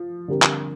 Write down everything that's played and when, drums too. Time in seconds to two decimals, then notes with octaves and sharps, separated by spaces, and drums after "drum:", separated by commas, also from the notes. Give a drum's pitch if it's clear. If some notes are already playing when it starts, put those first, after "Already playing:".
Already playing: F3
0.28 D3 G3 C4 G4 A#4
0.42 drum: clap